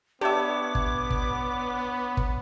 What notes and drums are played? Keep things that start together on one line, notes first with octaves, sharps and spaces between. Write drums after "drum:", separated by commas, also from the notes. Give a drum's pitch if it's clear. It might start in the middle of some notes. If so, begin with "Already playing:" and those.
B3 D4 G4 C#5 E5 D6
drum: kick
drum: kick
drum: kick